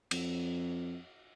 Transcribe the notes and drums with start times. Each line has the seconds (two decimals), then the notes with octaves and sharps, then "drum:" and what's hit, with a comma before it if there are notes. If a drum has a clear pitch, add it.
0.11 F2, drum: cymbal